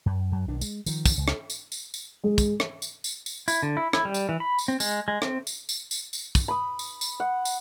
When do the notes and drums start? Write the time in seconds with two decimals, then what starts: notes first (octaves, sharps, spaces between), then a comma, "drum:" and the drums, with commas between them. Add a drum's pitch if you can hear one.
0.06 F#2
0.32 F#2 F#3
0.48 B1 D#3 D4
0.61 G#3, drum: tambourine
0.86 D#3 F3, drum: tambourine
1.06 drum: kick, tambourine
1.18 C#2
1.28 drum: rim click
1.50 drum: tambourine
1.72 drum: tambourine
1.94 drum: tambourine
2.24 G#3
2.38 drum: kick, tambourine
2.60 drum: rim click
2.82 drum: tambourine
3.04 drum: tambourine
3.26 drum: tambourine
3.48 E4, drum: tambourine
3.63 D3
3.77 E4
3.93 E4, drum: rim click
4.05 G3
4.14 drum: tambourine
4.29 E3
4.40 B5
4.59 drum: tambourine
4.68 C4
4.80 G#3, drum: tambourine
5.08 G#3
5.22 C4, drum: rim click
5.47 drum: tambourine
5.69 drum: tambourine
5.91 drum: tambourine
6.13 drum: tambourine
6.35 drum: kick, tambourine
6.48 B5 D#6
6.79 drum: tambourine
7.01 drum: tambourine
7.20 F#5
7.45 drum: tambourine